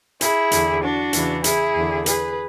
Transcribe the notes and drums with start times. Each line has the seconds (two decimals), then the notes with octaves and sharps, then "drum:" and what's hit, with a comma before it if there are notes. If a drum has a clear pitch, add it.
0.21 E4 G#4, drum: hi-hat
0.52 E2 D3, drum: hi-hat
0.82 D4 F#4
1.13 E2 C#3 E3, drum: hi-hat
1.44 E4 G#4, drum: hi-hat
1.75 E2 D3
2.06 G#4 B4, drum: hi-hat